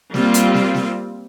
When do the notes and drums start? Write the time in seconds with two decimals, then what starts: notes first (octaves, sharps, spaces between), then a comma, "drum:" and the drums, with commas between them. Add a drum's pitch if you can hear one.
0.14 G3 A#3 C4 F4, drum: snare
0.34 drum: hi-hat
0.54 drum: snare
0.75 drum: snare